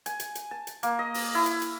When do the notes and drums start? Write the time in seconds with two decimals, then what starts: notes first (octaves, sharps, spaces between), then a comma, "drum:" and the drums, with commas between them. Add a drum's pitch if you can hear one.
0.06 G#5, drum: hi-hat
0.20 drum: hi-hat
0.35 drum: hi-hat
0.51 A5
0.67 drum: hi-hat
0.83 A#3, drum: hi-hat
0.99 D#5
1.14 drum: open hi-hat
1.35 E4
1.46 drum: hi-hat
1.62 drum: hi-hat